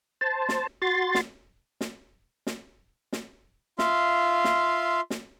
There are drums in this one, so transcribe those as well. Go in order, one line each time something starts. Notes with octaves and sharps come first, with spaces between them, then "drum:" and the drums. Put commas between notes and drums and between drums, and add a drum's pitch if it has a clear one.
C5 A5
drum: snare
F#4 C6 A6
drum: snare
drum: snare
drum: snare
drum: snare
F4 E5 F5 C6, drum: snare
drum: snare
drum: snare